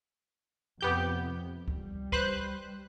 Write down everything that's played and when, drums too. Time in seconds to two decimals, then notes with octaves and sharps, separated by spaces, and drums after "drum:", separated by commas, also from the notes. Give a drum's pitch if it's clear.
0.81 F2 C3 B3 G4 G6
1.68 G3, drum: kick C#2
2.12 B4 C5 F#6, drum: kick C#2